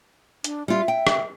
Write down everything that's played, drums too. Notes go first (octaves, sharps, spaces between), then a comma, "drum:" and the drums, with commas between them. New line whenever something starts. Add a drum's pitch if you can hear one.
D4, drum: hi-hat
G3 F4 E5
G5
drum: rim click